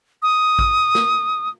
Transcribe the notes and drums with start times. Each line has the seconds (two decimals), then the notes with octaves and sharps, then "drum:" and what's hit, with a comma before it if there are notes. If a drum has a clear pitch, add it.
0.23 D#6
0.59 drum: kick A1
0.95 drum: snare